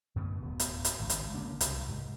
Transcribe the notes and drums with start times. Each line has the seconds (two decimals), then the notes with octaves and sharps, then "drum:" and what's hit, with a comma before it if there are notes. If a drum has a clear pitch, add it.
0.16 F#2 B2 D3 A3
0.41 D1 B3
0.60 drum: hi-hat
0.85 drum: hi-hat
1.00 G#1 C#2
1.10 drum: hi-hat
1.34 G1 C#3 A#3 D4
1.61 C2 G3, drum: hi-hat
1.89 C2 G#2